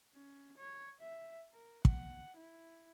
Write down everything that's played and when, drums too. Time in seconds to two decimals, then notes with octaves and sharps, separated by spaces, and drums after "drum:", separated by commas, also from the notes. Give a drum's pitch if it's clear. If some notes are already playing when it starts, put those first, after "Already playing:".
0.14 C#4
0.58 C#5
1.00 E5
1.53 A#4
1.85 F#5, drum: kick
2.37 E4